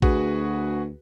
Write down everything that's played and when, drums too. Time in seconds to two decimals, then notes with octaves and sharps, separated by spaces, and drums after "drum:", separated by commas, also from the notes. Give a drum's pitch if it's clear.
0.02 D2 F#4 G#4 B4, drum: kick A1